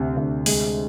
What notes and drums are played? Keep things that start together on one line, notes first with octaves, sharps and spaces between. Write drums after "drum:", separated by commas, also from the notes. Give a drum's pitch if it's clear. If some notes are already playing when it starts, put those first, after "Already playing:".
Already playing: D2 C3
D2
G#3, drum: open hi-hat